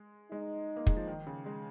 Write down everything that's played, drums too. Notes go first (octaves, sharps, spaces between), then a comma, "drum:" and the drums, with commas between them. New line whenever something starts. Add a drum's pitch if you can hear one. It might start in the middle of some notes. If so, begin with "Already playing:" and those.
Already playing: G#3
G#3 D#4
A#3
G#3, drum: kick
F3
D#3
C#3
G#3